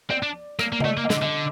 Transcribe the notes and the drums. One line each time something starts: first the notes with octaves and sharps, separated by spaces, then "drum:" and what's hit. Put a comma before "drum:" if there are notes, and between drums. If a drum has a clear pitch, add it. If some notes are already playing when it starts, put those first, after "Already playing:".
C4 D5
D4
A#3, drum: rim click
A#3
D#5, drum: tom C#3
A3 D5
A#3
D#5
D3, drum: snare
D3 D#5